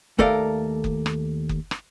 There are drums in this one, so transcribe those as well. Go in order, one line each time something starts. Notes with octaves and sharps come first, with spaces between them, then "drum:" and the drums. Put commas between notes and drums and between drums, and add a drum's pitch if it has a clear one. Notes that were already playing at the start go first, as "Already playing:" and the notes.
D#2 A3 A4 A#4 D5 F5, drum: kick F#1
drum: kick F#1
drum: rim click
drum: kick F#1
drum: rim click